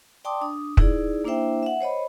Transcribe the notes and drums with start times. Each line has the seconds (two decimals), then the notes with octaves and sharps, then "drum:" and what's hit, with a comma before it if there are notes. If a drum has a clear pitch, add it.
0.25 D5 G5 A5 C6 D6 D#6
0.41 D4 D#6
0.77 D#4 E4 G#4 D5, drum: kick
1.24 A#3 D4 E4 C5 E5 G5
1.63 E5 F#5
1.80 C5 C#5 D#5 B5